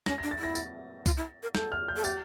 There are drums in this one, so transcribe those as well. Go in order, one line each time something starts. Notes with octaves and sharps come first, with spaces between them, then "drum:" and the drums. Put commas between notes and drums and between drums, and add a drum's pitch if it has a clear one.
C#4 A#6, drum: snare
D4 A#6
A6
E4 A#6
A6, drum: tambourine
F4, drum: kick C2, tambourine
E4
A#4
A4 G6, drum: snare
F6
G6
A4
G4 A6, drum: tambourine